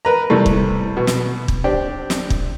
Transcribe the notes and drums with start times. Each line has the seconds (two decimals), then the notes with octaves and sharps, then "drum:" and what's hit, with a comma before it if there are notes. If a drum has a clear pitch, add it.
0.05 A#4 B4 A#5
0.30 C3 E3 G3 A3
0.46 drum: kick
0.97 B2
1.07 drum: snare
1.48 drum: kick
1.64 C4 D4 G4
2.10 drum: snare
2.30 drum: kick